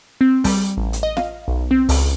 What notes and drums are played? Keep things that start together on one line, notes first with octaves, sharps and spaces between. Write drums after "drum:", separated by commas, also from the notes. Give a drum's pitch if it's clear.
C4
G3, drum: kick, open hi-hat
A1
drum: hi-hat
D#5
F5, drum: snare
B1
C4
C#2, drum: open hi-hat